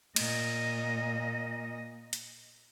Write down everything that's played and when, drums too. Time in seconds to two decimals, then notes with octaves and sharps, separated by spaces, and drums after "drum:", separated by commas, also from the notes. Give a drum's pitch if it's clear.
0.16 A#2 D#5, drum: cymbal
2.13 drum: hi-hat